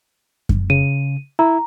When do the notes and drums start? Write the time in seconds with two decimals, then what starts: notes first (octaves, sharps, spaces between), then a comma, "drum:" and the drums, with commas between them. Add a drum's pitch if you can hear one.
0.49 drum: kick F#2
0.70 C#3 D#7
1.39 E4 A#5